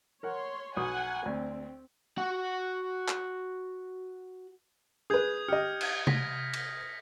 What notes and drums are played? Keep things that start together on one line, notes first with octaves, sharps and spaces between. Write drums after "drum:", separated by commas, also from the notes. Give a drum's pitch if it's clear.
A#4 C#5 F#5 C6
B1 F#5 G#5 D#6
D2 C4
F#4 F#5
drum: clap
G#4 B4 D#6 G6 G#6
G4 D#5 F6 C#7
drum: cymbal
A#6 B6, drum: tom C3
drum: cymbal